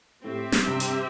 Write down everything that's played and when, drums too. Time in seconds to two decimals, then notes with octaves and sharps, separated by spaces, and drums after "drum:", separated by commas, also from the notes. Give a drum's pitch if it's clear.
0.24 A2 C4 G4 E5
0.52 drum: snare
0.66 G2 C3
0.80 drum: hi-hat